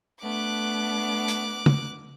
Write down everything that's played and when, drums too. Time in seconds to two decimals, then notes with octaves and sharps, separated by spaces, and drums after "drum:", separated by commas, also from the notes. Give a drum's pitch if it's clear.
0.23 A3 B3 D4 D6 F#6
1.28 drum: hi-hat
1.66 drum: tom